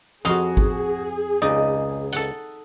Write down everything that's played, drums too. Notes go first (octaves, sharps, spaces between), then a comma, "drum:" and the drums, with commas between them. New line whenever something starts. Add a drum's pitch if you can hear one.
F2 F#4 G#4 F5 C6 D#6, drum: hi-hat
drum: kick G#1
C#2 D#4 D5 D#6
A4 F#5, drum: hi-hat